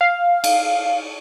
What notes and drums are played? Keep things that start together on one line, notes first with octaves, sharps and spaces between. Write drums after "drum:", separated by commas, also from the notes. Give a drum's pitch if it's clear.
F5
drum: cymbal